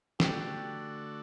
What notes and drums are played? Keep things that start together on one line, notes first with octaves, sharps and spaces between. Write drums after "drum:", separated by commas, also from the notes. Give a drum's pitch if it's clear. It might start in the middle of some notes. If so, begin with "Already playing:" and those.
D3 A3 D4 F#4 G4 A4, drum: snare